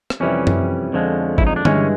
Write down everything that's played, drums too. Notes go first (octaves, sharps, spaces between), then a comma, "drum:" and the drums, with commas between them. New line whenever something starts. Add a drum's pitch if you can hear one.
drum: rim click
F2 C3 E3 G3 C#4
drum: tom F#2
F2 D3 F3 G#3
E4, drum: kick
D#4
D4
G2 E3 G#3 C#4, drum: tom D3